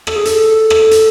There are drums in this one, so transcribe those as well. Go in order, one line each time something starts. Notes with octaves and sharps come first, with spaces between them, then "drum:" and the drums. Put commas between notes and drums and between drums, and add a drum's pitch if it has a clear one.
A4, drum: rim click
G#4
A4, drum: hi-hat
drum: rim click
drum: hi-hat